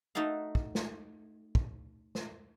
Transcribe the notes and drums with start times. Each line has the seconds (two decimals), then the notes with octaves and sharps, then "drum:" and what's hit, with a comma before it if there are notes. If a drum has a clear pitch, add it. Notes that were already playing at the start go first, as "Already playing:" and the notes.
0.15 A3 D#4 F#4 A4 F5
0.55 drum: kick
0.75 drum: snare
1.55 drum: kick
2.15 drum: snare